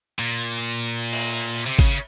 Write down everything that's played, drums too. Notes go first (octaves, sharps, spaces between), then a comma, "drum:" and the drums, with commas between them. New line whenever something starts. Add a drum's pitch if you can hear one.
A#2
drum: cymbal
C3
C#3, drum: kick